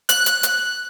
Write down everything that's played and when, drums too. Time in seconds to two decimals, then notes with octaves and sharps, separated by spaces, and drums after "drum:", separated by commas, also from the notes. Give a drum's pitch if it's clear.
0.09 F#6, drum: hi-hat
0.26 drum: hi-hat
0.43 drum: hi-hat